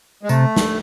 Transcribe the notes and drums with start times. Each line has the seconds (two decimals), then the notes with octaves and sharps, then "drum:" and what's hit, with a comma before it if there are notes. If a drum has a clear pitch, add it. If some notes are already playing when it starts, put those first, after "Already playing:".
0.23 G#3
0.29 C3 A3, drum: tambourine
0.56 drum: snare